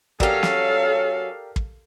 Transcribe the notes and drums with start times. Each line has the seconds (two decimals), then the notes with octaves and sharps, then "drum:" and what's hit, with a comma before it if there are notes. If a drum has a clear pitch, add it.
0.20 F#3 C#4 G4 A4 A#4 D5 F5, drum: kick
0.43 drum: snare
1.56 drum: kick